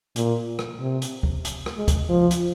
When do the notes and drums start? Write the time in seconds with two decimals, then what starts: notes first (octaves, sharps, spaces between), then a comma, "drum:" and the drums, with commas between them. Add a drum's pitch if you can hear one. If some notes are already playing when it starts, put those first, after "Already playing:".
0.16 A#2, drum: hi-hat
0.59 drum: rim click
0.80 C3
1.02 drum: hi-hat
1.23 drum: kick
1.45 drum: hi-hat
1.66 drum: rim click
1.77 G#3
1.88 drum: kick, hi-hat
2.09 F3
2.31 drum: hi-hat